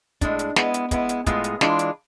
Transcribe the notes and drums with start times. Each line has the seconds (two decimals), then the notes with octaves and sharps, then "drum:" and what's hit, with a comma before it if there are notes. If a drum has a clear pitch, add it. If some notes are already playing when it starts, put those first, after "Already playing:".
0.21 A2 G#3 D4, drum: kick, hi-hat
0.39 drum: hi-hat
0.56 G#3 B3 E4, drum: snare
0.74 drum: hi-hat
0.91 G#3 B3 E4, drum: kick, hi-hat
1.09 drum: hi-hat
1.26 A2 G#3 B3 F4 G#4, drum: kick, hi-hat
1.44 drum: hi-hat
1.61 E3 G#3 D4 F4, drum: snare
1.79 drum: hi-hat